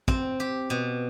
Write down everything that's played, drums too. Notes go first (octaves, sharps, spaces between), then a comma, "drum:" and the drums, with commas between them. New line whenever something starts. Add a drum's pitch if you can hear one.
C4, drum: kick
G4
B2